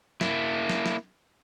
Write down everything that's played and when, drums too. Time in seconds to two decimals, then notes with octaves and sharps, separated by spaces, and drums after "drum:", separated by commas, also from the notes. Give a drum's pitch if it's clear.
0.21 A#3 E4, drum: snare
0.69 drum: snare
0.86 drum: snare